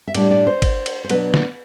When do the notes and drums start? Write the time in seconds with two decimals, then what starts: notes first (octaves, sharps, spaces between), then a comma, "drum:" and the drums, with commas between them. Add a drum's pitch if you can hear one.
0.07 E5
0.15 A2 G3 D4 D5, drum: cymbal
0.31 D5
0.47 C5
0.62 drum: kick, cymbal
0.86 drum: cymbal
1.04 C5
1.10 B2 F#3 B3 D4 B4, drum: cymbal
1.34 drum: snare